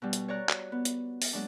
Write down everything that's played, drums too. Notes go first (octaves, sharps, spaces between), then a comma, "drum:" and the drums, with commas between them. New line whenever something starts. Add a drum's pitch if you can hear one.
B2 G3
drum: hi-hat
C#5 D5 A#5 F#6
F#4, drum: clap
B3
drum: hi-hat
drum: open hi-hat
F#3 G#3 A#3 D4